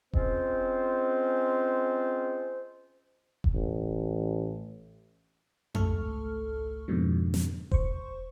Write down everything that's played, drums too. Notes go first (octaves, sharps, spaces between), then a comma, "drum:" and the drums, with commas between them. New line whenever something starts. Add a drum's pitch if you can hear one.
G#3 C4 C#4 F4 C5, drum: kick E1
drum: kick E1
A1
G#1 C#2 A3 A4 C#6 F6, drum: tom F2
F2 G#2 B2 D3
drum: snare
C5 C#6, drum: kick E1